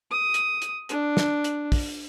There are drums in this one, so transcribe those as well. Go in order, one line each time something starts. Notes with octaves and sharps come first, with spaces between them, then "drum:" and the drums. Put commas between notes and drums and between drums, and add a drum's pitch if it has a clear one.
D#6
drum: hi-hat
drum: hi-hat
D4, drum: hi-hat
drum: snare
drum: hi-hat
drum: kick, open hi-hat